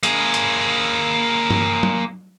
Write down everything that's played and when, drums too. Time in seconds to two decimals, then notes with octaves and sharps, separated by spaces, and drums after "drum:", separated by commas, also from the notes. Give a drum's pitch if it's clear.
0.03 A#3 G#4, drum: hi-hat
0.34 drum: hi-hat
1.50 drum: tom
1.83 drum: tom F#3